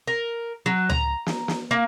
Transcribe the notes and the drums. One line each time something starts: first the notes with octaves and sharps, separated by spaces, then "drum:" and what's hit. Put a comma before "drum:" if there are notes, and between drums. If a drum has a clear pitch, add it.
A#4
F#3
A#5, drum: tom C#2
drum: snare
drum: snare
A#3